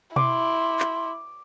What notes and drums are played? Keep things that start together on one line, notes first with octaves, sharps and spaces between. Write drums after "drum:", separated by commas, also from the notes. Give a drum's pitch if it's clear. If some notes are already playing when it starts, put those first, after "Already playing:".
E4 C6 D6, drum: tom B2
drum: clap